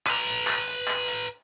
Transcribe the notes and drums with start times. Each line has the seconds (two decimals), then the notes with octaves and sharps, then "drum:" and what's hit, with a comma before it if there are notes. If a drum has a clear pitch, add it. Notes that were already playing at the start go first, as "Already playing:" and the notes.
0.07 B4 A#5, drum: clap
0.27 drum: hi-hat
0.47 drum: clap
0.67 drum: hi-hat
0.88 drum: clap
1.08 drum: hi-hat